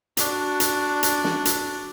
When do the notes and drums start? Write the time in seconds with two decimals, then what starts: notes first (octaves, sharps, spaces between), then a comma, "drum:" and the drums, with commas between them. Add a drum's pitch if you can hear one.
0.17 D4 F#4, drum: hi-hat
0.60 drum: hi-hat
1.03 drum: hi-hat
1.24 drum: snare
1.45 drum: hi-hat